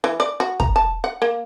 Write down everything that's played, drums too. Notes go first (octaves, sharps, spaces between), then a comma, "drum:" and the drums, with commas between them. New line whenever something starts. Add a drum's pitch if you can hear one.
E3
D5
F#4
A#5, drum: kick
A5
F#5
A#3